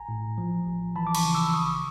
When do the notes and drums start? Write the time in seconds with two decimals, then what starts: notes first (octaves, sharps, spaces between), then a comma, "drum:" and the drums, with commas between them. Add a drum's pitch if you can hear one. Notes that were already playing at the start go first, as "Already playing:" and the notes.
Already playing: A1 G#5 A#5
0.09 A2
0.38 F3
0.66 A1
0.96 E3 A5 B5
1.07 D6
1.15 B5 C#6, drum: cymbal
1.25 C#3
1.34 D6 E6
1.54 G#1 C#6 D#6